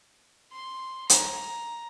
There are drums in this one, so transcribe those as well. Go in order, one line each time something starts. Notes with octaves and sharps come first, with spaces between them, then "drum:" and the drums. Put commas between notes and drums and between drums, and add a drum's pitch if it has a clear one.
C6
A#5, drum: hi-hat